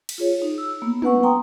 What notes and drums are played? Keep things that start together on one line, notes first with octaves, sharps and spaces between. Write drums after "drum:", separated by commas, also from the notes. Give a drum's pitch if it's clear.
drum: cymbal
F4 G#4 C#5
D#4
E6
A#3 B3
B3 B4 F#5 C#6, drum: tom
G5 A#5 C6 D#6